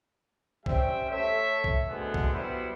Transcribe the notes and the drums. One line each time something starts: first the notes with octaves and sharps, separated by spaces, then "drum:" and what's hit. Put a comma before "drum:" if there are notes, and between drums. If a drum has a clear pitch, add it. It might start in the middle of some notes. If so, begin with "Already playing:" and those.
G3 C#4 C5 E5 G5, drum: kick
A3 A4 C#5 E5
drum: kick
B2 D3 A3 B3 C4 G#4
drum: kick
F#3 G3 B3 E4 B4 C5